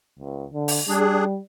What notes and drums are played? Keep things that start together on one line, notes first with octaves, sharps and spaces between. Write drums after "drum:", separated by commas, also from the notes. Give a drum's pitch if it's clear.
C#2
D3
drum: open hi-hat
G3 D4 G#4